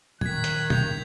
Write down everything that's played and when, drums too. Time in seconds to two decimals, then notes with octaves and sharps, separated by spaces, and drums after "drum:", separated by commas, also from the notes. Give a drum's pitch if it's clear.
0.21 D#3 F#6 G#6 B6, drum: tom A#2
0.44 drum: hi-hat
0.70 G6 F7, drum: tom B2